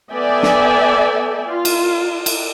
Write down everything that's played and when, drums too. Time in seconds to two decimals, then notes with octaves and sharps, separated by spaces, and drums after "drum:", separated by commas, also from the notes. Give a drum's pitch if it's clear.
0.12 B3 A4 D5 E5 G5 G#5
0.43 drum: snare
1.46 F4
1.65 drum: cymbal
2.26 drum: cymbal